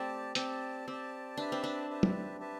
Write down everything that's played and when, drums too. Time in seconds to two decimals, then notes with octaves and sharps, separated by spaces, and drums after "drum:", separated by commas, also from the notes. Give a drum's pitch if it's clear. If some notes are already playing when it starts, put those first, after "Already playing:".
Already playing: A3 C4 G4 D5 A5
0.35 C4 G4 D5 A5, drum: hi-hat
0.87 C4 G4 D5 A5
1.37 D4 G4 B4 E5 A5
1.52 C4
1.64 D4
1.89 G4 B4 E5 A5
2.03 drum: tom
2.40 G4 B4 E5 A5